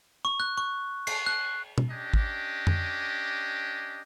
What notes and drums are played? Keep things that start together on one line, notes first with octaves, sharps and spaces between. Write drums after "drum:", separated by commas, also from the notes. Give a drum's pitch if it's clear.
C#6
F#6
C#6
C7, drum: cymbal
F#6
drum: tom
C#4 D4 G4 D#5
drum: kick
drum: tom F2